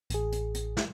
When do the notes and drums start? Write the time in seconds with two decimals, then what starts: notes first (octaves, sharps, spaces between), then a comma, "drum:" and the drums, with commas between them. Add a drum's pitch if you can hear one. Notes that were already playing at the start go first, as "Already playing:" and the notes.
0.10 A1 G#4, drum: hi-hat
0.32 drum: hi-hat
0.54 drum: hi-hat
0.77 drum: snare